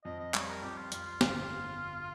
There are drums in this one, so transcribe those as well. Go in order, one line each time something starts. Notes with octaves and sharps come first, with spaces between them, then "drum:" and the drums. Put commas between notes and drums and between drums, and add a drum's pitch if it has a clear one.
F2 D#5
D#5
G3 C#5, drum: clap
A#4
F2 G4
F4
F2 F4, drum: hi-hat
F4
G1 F4, drum: snare